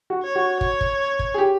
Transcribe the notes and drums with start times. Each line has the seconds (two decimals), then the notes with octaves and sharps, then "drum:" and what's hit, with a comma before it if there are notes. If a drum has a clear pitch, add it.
0.10 F#4
0.23 C#5
0.36 F#4
0.61 C#5, drum: kick
0.81 drum: kick
1.19 drum: kick
1.34 G#4
1.38 G4